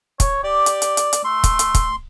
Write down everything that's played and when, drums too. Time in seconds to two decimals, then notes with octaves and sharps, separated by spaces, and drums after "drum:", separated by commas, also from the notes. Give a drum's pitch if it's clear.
0.20 C#5, drum: kick, hi-hat
0.44 G4 D5
0.66 drum: hi-hat
0.82 drum: hi-hat
0.97 drum: hi-hat
1.13 drum: hi-hat
1.25 A3 C6
1.44 drum: kick, hi-hat
1.59 drum: hi-hat
1.75 drum: kick, hi-hat